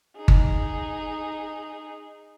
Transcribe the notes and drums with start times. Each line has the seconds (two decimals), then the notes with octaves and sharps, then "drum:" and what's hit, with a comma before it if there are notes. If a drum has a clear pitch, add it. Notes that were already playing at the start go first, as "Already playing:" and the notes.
0.17 D#4 G#4
0.28 drum: kick G1